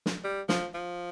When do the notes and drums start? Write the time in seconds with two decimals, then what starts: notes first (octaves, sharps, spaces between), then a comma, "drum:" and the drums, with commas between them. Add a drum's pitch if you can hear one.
0.06 drum: snare
0.24 G3
0.49 F3, drum: snare
0.74 F3